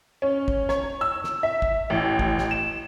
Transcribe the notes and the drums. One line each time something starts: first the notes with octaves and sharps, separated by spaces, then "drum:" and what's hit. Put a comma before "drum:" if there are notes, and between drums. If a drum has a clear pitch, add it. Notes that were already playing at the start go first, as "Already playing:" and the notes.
C#4
drum: kick
C#5, drum: snare
E6
drum: snare
E5
drum: kick
A1
drum: kick
drum: snare
E7